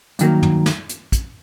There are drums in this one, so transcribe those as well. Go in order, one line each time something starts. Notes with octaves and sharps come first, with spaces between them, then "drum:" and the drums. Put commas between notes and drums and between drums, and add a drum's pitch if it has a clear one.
G2 D#3 F#3 A#3, drum: hi-hat
drum: tom
drum: snare
drum: hi-hat
drum: kick, hi-hat